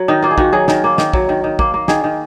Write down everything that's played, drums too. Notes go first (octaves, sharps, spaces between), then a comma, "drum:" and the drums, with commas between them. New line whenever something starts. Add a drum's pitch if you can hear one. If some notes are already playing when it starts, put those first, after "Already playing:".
Already playing: F#3
D#3 D#4
A#3 F4
G#4
D#3 F#4, drum: kick
F#3 G#4
D#3 A#4, drum: snare
A#3
D#3, drum: snare
F#3, drum: kick
D#3
D#3
A#3, drum: kick
A#3
D#3 G#4, drum: snare
D#3